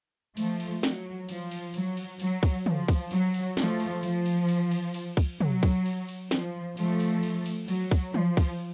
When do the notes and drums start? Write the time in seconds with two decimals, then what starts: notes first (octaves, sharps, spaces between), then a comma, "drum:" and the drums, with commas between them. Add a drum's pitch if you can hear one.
0.37 F3 A3, drum: cymbal
0.60 drum: cymbal
0.83 F#3, drum: snare
1.29 F3, drum: cymbal
1.51 drum: cymbal
1.74 F#3, drum: cymbal
1.97 drum: cymbal
2.20 F#3, drum: cymbal
2.43 drum: kick, cymbal
2.66 F3, drum: tom
2.88 drum: kick, cymbal
3.11 F#3, drum: cymbal
3.34 drum: cymbal
3.57 F3 A3, drum: snare
3.80 drum: cymbal
4.03 F3, drum: cymbal
4.26 drum: cymbal
4.48 drum: cymbal
4.71 drum: cymbal
4.94 drum: cymbal
5.17 drum: kick, cymbal
5.41 F#3, drum: tom
5.63 drum: kick, cymbal
5.86 drum: cymbal
6.09 drum: cymbal
6.31 F3, drum: snare
6.77 F3 A3, drum: cymbal
7.00 drum: cymbal
7.23 drum: cymbal
7.46 drum: cymbal
7.68 F#3, drum: cymbal
7.91 drum: kick, cymbal
8.14 F3, drum: tom
8.37 drum: kick, cymbal